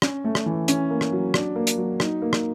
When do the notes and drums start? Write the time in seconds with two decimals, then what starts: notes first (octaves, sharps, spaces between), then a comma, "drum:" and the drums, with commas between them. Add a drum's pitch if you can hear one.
0.02 C#4, drum: rim click
0.24 A3
0.35 drum: rim click
0.46 E3
0.68 C#4, drum: hi-hat
0.90 A#3
1.01 drum: rim click
1.12 F#3
1.34 D4, drum: rim click
1.56 A#3
1.67 drum: hi-hat
1.78 F#3
2.00 D#4, drum: rim click
2.22 A#3
2.33 drum: rim click